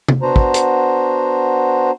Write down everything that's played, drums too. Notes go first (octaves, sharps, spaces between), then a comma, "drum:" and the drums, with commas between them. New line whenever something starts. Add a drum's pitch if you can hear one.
drum: tom C3
B3 D4 F#4 C5 A#5
drum: kick
drum: hi-hat